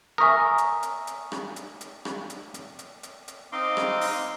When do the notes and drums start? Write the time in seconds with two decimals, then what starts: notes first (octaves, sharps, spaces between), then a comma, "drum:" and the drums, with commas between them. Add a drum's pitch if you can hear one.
0.18 A#4 E5 G#5 C#6 D#6
0.58 drum: hi-hat
0.83 drum: hi-hat
1.07 drum: hi-hat
1.32 drum: rim click
1.56 drum: hi-hat
1.81 drum: hi-hat
2.05 drum: rim click
2.30 drum: hi-hat
2.54 drum: hi-hat
2.79 drum: hi-hat
3.03 drum: hi-hat
3.28 drum: hi-hat
3.52 C4 D#4 D#5 F5 C6 D6
3.77 drum: rim click
4.01 drum: open hi-hat